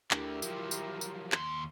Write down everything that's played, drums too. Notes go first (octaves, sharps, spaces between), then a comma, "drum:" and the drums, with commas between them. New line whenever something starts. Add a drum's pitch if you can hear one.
D2 D3 E4 G4 A#4, drum: clap
F3 F#3, drum: tambourine
drum: tambourine
drum: tambourine
D#2 C6, drum: clap